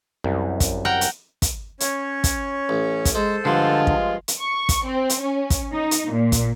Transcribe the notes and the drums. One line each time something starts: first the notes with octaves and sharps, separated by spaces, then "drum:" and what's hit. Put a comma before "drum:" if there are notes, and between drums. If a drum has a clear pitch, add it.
C2 F#2
drum: kick, hi-hat
A#4 F#5 G5
drum: hi-hat
drum: kick, hi-hat
C#4 C#5, drum: hi-hat
drum: kick, hi-hat
A1
drum: kick, hi-hat
G#3 A4 C5
G2 D3 F3 G#3 F4
drum: kick
drum: hi-hat
C#6
drum: kick, hi-hat
C4
drum: hi-hat
C#4
drum: kick, hi-hat
D#4
drum: hi-hat
A#2
drum: kick, hi-hat